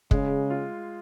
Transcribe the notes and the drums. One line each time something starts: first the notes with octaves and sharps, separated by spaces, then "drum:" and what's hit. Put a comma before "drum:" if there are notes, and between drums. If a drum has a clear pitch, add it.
C#3 G#3, drum: kick
F4